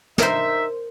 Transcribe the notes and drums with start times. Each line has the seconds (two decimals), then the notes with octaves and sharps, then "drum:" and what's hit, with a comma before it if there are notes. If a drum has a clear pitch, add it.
0.18 D#4 A#4 C5 E5, drum: snare